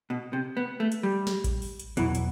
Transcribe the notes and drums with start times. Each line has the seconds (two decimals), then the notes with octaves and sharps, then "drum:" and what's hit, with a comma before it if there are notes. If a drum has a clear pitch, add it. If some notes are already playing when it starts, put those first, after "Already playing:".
0.10 B2
0.33 C3
0.57 B3
0.80 A3
0.92 drum: hi-hat
1.03 G3
1.27 drum: snare
1.44 drum: kick A1, hi-hat
1.62 drum: open hi-hat
1.80 drum: hi-hat
1.97 E2 B2 E3 F#3 B3, drum: hi-hat
2.15 drum: hi-hat